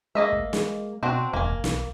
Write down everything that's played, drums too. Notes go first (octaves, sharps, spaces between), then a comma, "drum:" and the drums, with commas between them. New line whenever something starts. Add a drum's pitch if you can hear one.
G#3 A#3 D#5 E5
drum: kick
G#3, drum: snare
B2 C4 D4 F#4
E1 A#3 G#5
drum: kick
B1, drum: snare